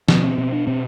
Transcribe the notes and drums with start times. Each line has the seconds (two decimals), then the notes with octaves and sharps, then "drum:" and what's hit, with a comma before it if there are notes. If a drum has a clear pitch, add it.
0.08 B2 B3, drum: snare
0.24 C4
0.38 B2 C4
0.53 D4
0.67 B2 C4